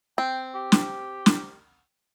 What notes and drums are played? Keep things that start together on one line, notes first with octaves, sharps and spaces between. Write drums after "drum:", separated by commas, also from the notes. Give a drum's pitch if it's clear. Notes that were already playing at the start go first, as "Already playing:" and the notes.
C4 G5
G4
drum: snare
drum: snare